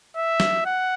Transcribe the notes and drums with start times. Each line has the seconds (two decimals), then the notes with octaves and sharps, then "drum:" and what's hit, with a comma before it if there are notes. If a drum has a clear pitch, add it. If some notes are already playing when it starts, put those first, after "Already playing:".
0.16 E5
0.40 drum: snare
0.65 F#5